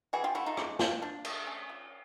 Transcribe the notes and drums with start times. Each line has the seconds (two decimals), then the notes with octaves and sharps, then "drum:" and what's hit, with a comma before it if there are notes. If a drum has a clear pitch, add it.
0.13 E3 F#4 G#4
0.24 F4 G4
0.35 A3 E4 F#4
0.46 D#4 F4
0.57 C#4, drum: rim click
0.79 F3, drum: snare
1.02 F3 D4
1.25 A3, drum: cymbal
1.47 C#4
1.69 F3